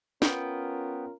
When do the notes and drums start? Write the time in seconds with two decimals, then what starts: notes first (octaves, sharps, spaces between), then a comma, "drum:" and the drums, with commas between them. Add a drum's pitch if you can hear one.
0.22 B3 C#4 F4 A#4 G5, drum: snare